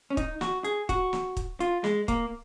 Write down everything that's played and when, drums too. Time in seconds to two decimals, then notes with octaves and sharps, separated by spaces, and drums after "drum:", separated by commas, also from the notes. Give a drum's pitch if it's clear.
0.10 C#4
0.17 D#4, drum: kick, hi-hat
0.41 F#4, drum: snare
0.64 G#4, drum: hi-hat
0.89 F#4, drum: kick, hi-hat
1.13 drum: snare
1.37 drum: kick, hi-hat
1.60 F4, drum: hi-hat
1.84 G#3, drum: snare
2.08 A#3, drum: kick, hi-hat